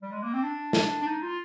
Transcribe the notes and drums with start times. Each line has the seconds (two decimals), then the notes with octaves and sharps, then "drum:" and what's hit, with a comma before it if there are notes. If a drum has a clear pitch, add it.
0.02 G3
0.12 G#3
0.23 A#3
0.33 C4
0.43 D4
0.73 drum: snare
1.02 D4
1.07 D#4
1.22 F4